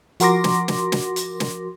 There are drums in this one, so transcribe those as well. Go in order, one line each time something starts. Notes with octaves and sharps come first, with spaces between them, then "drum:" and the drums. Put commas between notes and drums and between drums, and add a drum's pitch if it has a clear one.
F3 F#4 A#4 C6 D6 A#6, drum: hi-hat
drum: snare
drum: snare
drum: snare
drum: hi-hat
drum: snare